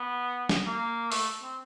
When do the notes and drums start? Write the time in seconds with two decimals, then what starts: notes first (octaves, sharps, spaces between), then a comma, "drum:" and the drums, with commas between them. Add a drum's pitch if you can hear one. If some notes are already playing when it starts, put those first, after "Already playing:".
Already playing: B3
0.49 drum: snare
0.67 A#3
1.12 A3, drum: open hi-hat
1.43 C4